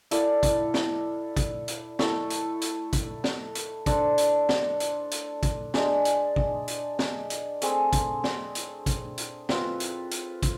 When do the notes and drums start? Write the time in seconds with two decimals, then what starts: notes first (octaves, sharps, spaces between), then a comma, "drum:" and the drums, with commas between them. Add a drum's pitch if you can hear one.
0.11 E4 A4 D5 F5, drum: hi-hat
0.43 drum: kick, hi-hat
0.74 drum: snare
1.37 drum: kick, hi-hat
1.68 drum: hi-hat
1.99 A3 E4 A4, drum: snare
2.30 drum: hi-hat
2.61 drum: hi-hat
2.93 drum: kick, hi-hat
3.24 drum: snare
3.55 drum: hi-hat
3.86 D4 A4 C5, drum: kick, hi-hat
4.18 drum: hi-hat
4.49 drum: snare
4.80 drum: hi-hat
5.11 drum: hi-hat
5.43 drum: kick, hi-hat
5.74 G#3 D4 G#4, drum: snare
6.05 drum: hi-hat
6.36 drum: kick
6.68 drum: hi-hat
6.99 drum: snare
7.30 drum: hi-hat
7.62 A3 C4 G#4 C5, drum: hi-hat
7.93 drum: kick, hi-hat
8.24 drum: snare
8.55 drum: hi-hat
8.86 drum: kick, hi-hat
9.18 drum: hi-hat
9.49 C4 F4 B4, drum: snare
9.80 drum: hi-hat
10.11 drum: hi-hat
10.43 drum: kick, hi-hat